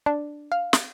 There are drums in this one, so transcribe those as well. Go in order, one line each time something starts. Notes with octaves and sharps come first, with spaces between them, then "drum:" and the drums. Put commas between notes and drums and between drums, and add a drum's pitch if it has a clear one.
D4
F5
drum: snare